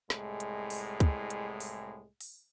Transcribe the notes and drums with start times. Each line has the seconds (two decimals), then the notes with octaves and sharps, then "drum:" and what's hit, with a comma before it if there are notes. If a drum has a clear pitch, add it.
0.10 C2 A2 G#3, drum: snare
0.40 drum: hi-hat
0.70 drum: open hi-hat
1.00 drum: kick C#2, hi-hat
1.30 drum: hi-hat
1.60 drum: open hi-hat
2.21 drum: open hi-hat